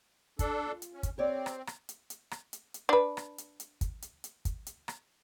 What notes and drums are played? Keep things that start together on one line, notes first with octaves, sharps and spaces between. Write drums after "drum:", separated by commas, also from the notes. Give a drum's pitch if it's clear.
D4 A4, drum: kick, hi-hat
F4
drum: hi-hat
C#4
drum: kick, hi-hat
C4 G4 C#5 D5
drum: rim click
drum: rim click
drum: hi-hat
drum: hi-hat
drum: rim click
drum: hi-hat
drum: hi-hat
D4 B4
drum: rim click
drum: hi-hat
drum: hi-hat
drum: kick, hi-hat
drum: hi-hat
drum: hi-hat
drum: kick, hi-hat
drum: hi-hat
drum: rim click